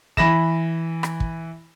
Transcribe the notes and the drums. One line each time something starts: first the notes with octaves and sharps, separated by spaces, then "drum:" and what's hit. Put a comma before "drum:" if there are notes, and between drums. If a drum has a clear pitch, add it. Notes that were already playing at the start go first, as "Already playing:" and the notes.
E3 B5 A#6 E7, drum: kick
drum: rim click
drum: kick